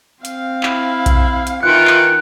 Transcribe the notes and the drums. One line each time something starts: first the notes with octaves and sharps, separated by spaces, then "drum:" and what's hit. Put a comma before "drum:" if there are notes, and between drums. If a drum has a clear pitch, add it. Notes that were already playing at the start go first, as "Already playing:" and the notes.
C4 F5, drum: hi-hat
E4, drum: clap
drum: kick B1, hi-hat
drum: hi-hat
D#3 E3 F4 F#6 C#7 D7
drum: clap